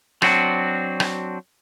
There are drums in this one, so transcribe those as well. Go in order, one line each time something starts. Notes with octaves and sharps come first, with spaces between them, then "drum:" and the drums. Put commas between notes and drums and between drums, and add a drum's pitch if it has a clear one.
F#3 C4 D4 F#4, drum: rim click
drum: rim click